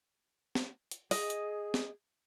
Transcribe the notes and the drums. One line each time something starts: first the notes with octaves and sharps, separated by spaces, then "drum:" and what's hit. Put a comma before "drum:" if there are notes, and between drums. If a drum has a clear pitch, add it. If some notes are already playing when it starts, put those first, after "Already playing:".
drum: snare
drum: hi-hat
G#4 D#5, drum: open hi-hat
drum: hi-hat
drum: snare